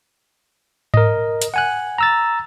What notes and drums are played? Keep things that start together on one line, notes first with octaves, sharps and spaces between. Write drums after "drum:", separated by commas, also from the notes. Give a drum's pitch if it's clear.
A#4 D#5, drum: tom G#2
drum: hi-hat
F#5 G#5 F#6
A#5 E6 A6